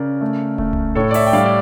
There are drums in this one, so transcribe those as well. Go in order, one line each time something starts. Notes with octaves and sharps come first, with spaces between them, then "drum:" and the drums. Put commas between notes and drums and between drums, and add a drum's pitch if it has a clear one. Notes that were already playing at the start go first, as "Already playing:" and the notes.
Already playing: C#3 A#4 D5
A3
A3, drum: kick D1
drum: tom C2
A2 A4 C#5
D5
C#5 E5, drum: open hi-hat
G5
G3 D5 F5
D5